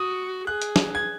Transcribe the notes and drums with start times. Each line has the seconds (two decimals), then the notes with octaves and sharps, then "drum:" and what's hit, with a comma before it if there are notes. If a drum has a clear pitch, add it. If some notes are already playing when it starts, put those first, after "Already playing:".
Already playing: F#4 D#6
0.47 G#4 F#6
0.62 drum: hi-hat
0.76 drum: snare
0.95 G#6